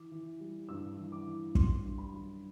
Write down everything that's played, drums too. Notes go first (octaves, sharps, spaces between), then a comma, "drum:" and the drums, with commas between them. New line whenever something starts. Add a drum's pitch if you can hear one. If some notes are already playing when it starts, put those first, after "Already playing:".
Already playing: E3 D6
E3
G3
G2 E6
E3
D6
E3
G2 C6, drum: kick
G2
B5
F#3